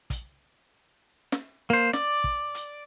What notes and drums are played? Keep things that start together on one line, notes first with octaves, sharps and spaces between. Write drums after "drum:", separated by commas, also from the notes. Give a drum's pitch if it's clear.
drum: kick, hi-hat
drum: snare
A#3 C5
D5, drum: snare
drum: kick
drum: hi-hat